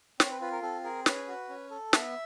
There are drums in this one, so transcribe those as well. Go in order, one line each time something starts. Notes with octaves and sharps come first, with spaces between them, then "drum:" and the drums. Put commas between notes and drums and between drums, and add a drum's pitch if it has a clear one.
C4 C#5, drum: snare
B4
F4 B4
A#4
C4 A4
G#4 A#4
C#4 B4, drum: snare
F#4
C#4
A4
B3 E5, drum: snare